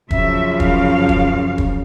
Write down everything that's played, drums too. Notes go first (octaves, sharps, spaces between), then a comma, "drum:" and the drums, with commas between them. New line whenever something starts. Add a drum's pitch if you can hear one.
F#2 C#3 F3 E5, drum: kick
F5, drum: kick
drum: kick
drum: kick